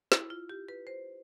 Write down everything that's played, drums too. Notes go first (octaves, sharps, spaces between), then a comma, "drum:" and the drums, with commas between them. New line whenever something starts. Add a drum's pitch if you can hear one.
E4, drum: snare
F4
G4
B4
C5